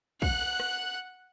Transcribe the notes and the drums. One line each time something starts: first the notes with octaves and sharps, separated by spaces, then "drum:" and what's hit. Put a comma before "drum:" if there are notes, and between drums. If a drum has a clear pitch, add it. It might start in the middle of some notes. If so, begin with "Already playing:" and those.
F#5 F#6, drum: kick
drum: rim click